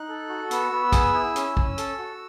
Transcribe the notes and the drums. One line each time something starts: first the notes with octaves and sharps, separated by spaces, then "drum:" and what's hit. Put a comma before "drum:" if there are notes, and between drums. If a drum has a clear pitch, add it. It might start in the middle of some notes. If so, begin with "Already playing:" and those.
Already playing: D#4 F#6
A4
F#4
B3 E6, drum: hi-hat
B3
G#4, drum: kick A1, hi-hat
E4
C#4, drum: hi-hat
C#4, drum: kick A1
A4, drum: hi-hat
F#4